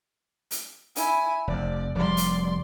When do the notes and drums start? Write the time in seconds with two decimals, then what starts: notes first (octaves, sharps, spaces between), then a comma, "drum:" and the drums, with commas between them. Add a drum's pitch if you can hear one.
0.51 drum: hi-hat
0.96 E4 G#5, drum: hi-hat
1.47 F1 F2 D5
1.95 F1 F3 G3 D5 C6
2.17 drum: hi-hat